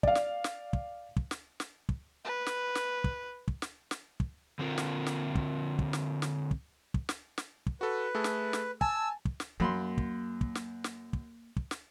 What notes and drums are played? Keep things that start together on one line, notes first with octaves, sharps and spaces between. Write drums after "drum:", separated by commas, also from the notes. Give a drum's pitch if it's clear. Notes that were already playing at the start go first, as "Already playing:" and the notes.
D5 F5, drum: kick
drum: snare
drum: snare
drum: kick
drum: kick
drum: snare
drum: snare
drum: kick
B4
drum: snare
drum: snare
drum: kick
drum: kick
drum: snare
drum: snare
drum: kick
D3 C4 F4 A#4
drum: snare
drum: snare
drum: kick
drum: kick
drum: snare
drum: snare
drum: kick
drum: kick
drum: snare
drum: snare
drum: kick
F#4 A4 B4
A3 G#4 A4
drum: snare
drum: snare
G#5 A5 E6, drum: kick
drum: kick
drum: snare
F#2 A#3 B5 C6
drum: kick
drum: kick
drum: snare
drum: snare
drum: kick
drum: kick
drum: snare